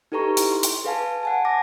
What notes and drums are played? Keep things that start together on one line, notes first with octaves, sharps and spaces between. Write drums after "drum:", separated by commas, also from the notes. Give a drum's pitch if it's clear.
D#4 G4 A4 B4 A#5 C#6
E4, drum: hi-hat
C6
drum: hi-hat
G#4 B4 F5 G#5 A5
F#5 G#5 A5
G#5 A5 D6 A#6